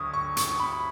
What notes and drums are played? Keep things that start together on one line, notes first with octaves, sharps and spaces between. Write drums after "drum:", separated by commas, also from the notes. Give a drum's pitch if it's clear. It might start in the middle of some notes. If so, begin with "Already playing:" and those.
Already playing: D2 D3 F#3 C#6 D#6
C#6
C#6, drum: hi-hat
B5